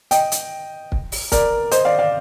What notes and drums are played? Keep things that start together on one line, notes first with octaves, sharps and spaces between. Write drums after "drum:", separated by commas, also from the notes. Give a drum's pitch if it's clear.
D#5 G5, drum: hi-hat
drum: hi-hat
drum: kick
drum: open hi-hat
A#4 D5, drum: kick, hi-hat
C5 D#5, drum: hi-hat
D5 F5
D5 F5